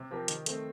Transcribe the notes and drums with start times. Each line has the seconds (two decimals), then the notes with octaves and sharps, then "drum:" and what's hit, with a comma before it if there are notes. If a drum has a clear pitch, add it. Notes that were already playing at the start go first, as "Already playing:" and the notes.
Already playing: C3
0.11 F3 C4 G4 A#4
0.28 D#3, drum: hi-hat
0.46 A3 C4, drum: hi-hat